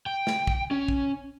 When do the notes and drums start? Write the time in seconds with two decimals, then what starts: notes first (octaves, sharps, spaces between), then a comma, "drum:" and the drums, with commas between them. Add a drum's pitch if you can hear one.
0.06 G5
0.27 drum: snare
0.47 drum: kick
0.71 C#4
0.88 drum: kick